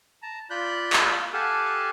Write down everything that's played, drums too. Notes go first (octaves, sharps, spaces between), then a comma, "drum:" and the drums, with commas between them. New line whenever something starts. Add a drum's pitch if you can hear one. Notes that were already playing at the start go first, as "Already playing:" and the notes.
A5 A#5
F4 D5 B5 F#6 G6
drum: clap
G4 A4 F5 F#5 G#5 A5